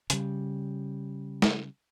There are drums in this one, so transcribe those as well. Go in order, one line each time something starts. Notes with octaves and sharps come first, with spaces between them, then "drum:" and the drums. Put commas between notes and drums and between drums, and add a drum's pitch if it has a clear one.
C#3 G3, drum: hi-hat
drum: snare